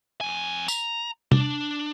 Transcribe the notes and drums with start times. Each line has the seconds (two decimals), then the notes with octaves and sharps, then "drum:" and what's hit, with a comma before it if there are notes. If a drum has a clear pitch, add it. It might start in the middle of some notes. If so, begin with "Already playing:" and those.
0.21 F2 G#5
0.68 A#5, drum: tambourine
1.32 D4, drum: tom C3